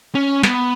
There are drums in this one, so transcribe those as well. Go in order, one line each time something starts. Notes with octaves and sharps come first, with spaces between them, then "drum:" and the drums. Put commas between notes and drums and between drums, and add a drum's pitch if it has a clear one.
C#4
B3, drum: snare